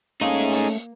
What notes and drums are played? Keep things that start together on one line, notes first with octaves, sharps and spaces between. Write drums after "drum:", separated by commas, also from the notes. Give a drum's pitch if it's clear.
A3 A#3 C#4 D#4 G#4
drum: open hi-hat